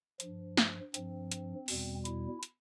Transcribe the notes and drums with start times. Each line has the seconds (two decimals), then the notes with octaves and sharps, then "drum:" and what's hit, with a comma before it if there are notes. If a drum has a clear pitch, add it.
0.20 F3, drum: hi-hat
0.25 G2
0.57 drum: snare
0.94 G2 F3 C4, drum: hi-hat
1.32 drum: hi-hat
1.68 E2 B2 G3, drum: open hi-hat
2.05 E4, drum: hi-hat
2.43 drum: hi-hat